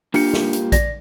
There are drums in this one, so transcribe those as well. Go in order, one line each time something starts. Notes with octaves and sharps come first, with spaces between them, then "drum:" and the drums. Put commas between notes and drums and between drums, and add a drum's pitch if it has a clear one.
A#3 D4 F4 G4 C#7, drum: open hi-hat
drum: snare
drum: hi-hat
D5 A#6, drum: kick A#1, hi-hat